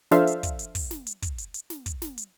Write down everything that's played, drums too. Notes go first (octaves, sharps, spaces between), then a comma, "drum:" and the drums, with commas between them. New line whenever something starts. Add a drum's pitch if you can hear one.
F3 D4 A4 C5 E5 F5, drum: snare
drum: hi-hat
drum: kick, hi-hat
drum: hi-hat
drum: kick, open hi-hat
drum: snare
drum: hi-hat
drum: kick, hi-hat
drum: hi-hat
drum: hi-hat
drum: snare
drum: kick, hi-hat
drum: snare
drum: hi-hat